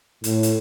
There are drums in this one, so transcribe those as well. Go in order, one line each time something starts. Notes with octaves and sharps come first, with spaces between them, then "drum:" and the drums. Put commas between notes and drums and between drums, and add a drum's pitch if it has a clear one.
A2, drum: hi-hat
drum: hi-hat